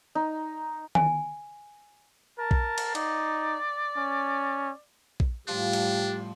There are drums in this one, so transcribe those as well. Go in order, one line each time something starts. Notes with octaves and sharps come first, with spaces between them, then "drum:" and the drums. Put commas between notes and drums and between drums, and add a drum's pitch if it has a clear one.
D#4
G#5, drum: tom D#3
A#4 A5
drum: kick A#1
drum: cymbal
D#4 D5, drum: cymbal
C#4
drum: kick A#1
A2 F3 G3 D4 G4
drum: cymbal